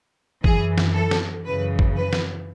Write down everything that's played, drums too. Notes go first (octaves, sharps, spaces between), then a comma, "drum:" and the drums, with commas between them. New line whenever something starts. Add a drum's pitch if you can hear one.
F#2 E3 G#4, drum: kick
drum: snare
A4
drum: snare
F#2 C#3 E3 B4
drum: kick
B4
drum: snare